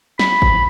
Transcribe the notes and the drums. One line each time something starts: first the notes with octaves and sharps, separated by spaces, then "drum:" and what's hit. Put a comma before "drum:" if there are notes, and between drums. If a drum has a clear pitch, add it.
B5, drum: snare
drum: kick